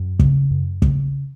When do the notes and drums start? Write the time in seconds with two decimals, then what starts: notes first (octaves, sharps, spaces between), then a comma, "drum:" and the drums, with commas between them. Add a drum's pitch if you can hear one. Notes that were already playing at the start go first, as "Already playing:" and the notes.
Already playing: F#2
0.19 C#3, drum: kick
0.51 F#2
0.82 C#3, drum: kick